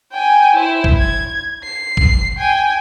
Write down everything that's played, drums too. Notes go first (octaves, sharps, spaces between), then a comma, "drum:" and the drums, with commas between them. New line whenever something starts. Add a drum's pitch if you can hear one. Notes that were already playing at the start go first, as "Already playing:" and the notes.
G5 G#5
E4 C5
drum: kick A#1
G#6
C7
drum: kick A#1
G5 G#5